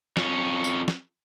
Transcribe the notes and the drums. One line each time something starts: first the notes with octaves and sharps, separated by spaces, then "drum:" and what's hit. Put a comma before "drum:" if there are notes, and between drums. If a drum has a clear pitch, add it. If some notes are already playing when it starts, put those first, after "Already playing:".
F2 C#4, drum: snare
drum: tambourine
drum: snare